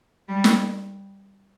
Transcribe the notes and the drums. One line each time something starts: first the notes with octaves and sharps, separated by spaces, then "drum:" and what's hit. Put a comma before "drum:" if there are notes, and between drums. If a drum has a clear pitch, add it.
G3
drum: snare